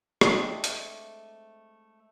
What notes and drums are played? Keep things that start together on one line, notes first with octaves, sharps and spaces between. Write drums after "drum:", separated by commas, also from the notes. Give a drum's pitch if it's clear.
G#3 A3 C4 D4, drum: rim click
drum: hi-hat